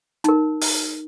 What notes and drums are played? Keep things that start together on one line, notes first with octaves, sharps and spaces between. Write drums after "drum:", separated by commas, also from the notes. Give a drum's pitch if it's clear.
D#4 A#4, drum: hi-hat
drum: open hi-hat